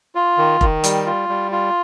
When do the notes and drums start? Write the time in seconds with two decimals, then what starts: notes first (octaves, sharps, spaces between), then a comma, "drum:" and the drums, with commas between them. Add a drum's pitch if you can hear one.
0.15 F4
0.38 D#3
0.61 D#3, drum: kick F1
0.84 G3, drum: hi-hat
1.06 F4
1.29 G3
1.52 F4